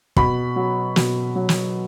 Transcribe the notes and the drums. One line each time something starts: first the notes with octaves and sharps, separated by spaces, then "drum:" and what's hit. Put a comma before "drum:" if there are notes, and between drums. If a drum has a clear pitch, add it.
B2 B5, drum: kick
F#3
B2, drum: snare
F#3
drum: snare